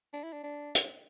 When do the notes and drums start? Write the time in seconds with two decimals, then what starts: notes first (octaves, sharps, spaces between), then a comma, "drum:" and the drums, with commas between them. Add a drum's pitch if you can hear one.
0.13 D4
0.23 E4
0.33 D4
0.44 D4
0.75 drum: hi-hat